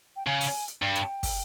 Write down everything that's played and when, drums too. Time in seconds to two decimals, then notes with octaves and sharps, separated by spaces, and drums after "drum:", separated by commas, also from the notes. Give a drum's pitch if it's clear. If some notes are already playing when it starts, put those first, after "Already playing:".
0.16 G5
0.26 C#3 G#5
0.41 drum: open hi-hat
0.68 drum: hi-hat
0.82 G2 G5
0.95 drum: hi-hat
1.23 drum: kick, open hi-hat